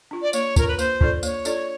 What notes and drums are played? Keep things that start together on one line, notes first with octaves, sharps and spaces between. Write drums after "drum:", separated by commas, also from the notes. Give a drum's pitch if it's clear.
D4 F4
D5
A#3 C#5, drum: tambourine
D4 F4 A#4, drum: kick, tambourine
B4
A#3 C5, drum: tambourine
D4 F4 A4 D5, drum: kick
A#3 C#5, drum: tambourine
D4 F4 A4 D5, drum: tambourine